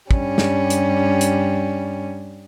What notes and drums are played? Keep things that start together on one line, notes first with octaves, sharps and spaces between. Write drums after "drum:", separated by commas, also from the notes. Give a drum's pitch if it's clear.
G2 G3 C#4, drum: kick
drum: snare
drum: hi-hat
drum: hi-hat